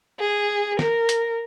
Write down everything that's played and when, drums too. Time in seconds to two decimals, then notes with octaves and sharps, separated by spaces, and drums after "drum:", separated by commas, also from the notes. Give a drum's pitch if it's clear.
0.20 G#4
0.79 A#4, drum: snare
1.09 drum: hi-hat